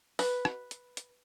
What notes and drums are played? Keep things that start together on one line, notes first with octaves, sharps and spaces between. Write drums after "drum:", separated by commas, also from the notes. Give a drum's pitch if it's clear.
B4, drum: open hi-hat
drum: rim click
drum: hi-hat
drum: hi-hat